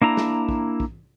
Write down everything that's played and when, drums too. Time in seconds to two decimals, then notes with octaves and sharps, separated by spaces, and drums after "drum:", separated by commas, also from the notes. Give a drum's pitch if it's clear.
0.02 A#3 D4 E4 A#5
0.17 drum: snare
0.49 drum: kick
0.80 drum: kick